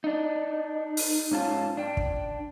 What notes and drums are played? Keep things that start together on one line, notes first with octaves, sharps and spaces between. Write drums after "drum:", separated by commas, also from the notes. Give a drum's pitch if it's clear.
D4 D#4
drum: open hi-hat
G#2 C#4 F4 A5
D4 G5
drum: kick